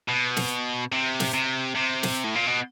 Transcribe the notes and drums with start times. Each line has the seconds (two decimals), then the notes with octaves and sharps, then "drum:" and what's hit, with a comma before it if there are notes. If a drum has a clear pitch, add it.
0.09 B2
0.37 drum: snare
0.92 C3
1.20 drum: snare
1.33 C3
1.75 C3
2.03 drum: snare
2.24 A2
2.35 A#2
2.46 B2